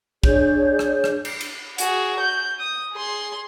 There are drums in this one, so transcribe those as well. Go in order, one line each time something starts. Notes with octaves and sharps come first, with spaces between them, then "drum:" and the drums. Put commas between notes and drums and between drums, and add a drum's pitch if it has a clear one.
D4 G#4 C#5 G6, drum: kick
drum: rim click
drum: rim click
drum: cymbal
drum: cymbal
F#4 G#4, drum: hi-hat
G6
D#6
G#4 C6